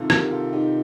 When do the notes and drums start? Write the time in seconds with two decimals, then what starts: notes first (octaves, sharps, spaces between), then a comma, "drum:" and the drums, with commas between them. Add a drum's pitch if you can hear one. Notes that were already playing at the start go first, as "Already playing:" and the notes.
Already playing: C2 C3 D#3 F4 A4
0.10 G4 A#4, drum: rim click
0.31 F4 A4
0.53 D#4 G4